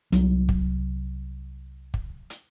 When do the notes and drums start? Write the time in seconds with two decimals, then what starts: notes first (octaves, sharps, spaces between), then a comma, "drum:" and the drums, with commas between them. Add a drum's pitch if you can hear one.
0.12 C2 F#3, drum: hi-hat
0.49 drum: kick
1.94 drum: kick
2.30 drum: hi-hat